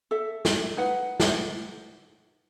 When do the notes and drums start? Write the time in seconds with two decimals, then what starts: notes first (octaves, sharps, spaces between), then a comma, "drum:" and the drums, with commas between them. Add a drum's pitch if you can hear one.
0.11 A4 E5
0.45 drum: snare
0.77 D#4 B4 F#5
1.20 drum: snare